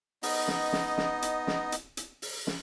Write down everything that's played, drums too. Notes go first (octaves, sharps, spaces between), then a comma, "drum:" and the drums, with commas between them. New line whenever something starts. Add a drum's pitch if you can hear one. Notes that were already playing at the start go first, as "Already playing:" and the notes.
B3 D#4 D#5, drum: open hi-hat
drum: snare
drum: snare
drum: snare
drum: hi-hat
drum: snare
drum: hi-hat
drum: hi-hat
drum: open hi-hat
drum: snare